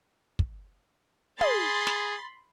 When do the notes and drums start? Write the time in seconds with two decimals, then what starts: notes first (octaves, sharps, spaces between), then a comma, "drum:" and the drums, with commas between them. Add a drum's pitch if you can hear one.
0.39 drum: kick
1.41 G#4 B5 C6 A6, drum: tom
1.87 drum: snare